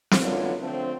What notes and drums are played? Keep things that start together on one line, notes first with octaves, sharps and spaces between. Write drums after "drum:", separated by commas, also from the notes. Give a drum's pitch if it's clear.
drum: snare
F#2 D3 D#3 B3 F4 C#5
D3 F3 A3 C4